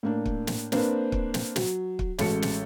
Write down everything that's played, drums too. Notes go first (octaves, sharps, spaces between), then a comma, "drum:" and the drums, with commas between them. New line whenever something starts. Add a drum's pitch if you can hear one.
A2 A#3 D4
drum: kick
drum: snare
A#3 C4 D4 B4 C5, drum: snare
drum: kick
drum: snare
F#3, drum: snare
drum: kick
A1 G#3 C#4 F#4 A4 C#7, drum: snare
drum: snare